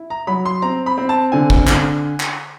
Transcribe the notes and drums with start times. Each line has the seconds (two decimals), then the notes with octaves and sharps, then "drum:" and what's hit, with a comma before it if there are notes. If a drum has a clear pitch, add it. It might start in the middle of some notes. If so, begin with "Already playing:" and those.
Already playing: E4
0.10 A#5
0.27 F#3 B5
0.45 C6
0.62 C4 A#5
0.86 B5
0.98 C4
1.09 A5
1.32 D3 G#5
1.50 drum: kick
1.67 D3, drum: clap
2.20 drum: clap